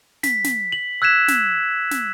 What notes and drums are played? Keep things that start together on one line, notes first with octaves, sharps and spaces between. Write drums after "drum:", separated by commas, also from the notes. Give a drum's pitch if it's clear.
B6, drum: snare
drum: snare
F#7
E6 F#6 G#6 B6 E7
drum: snare
drum: snare